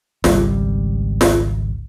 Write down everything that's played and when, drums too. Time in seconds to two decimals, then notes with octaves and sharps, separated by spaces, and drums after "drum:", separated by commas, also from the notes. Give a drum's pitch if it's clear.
0.24 G#1 C#2 G3, drum: snare
1.21 drum: snare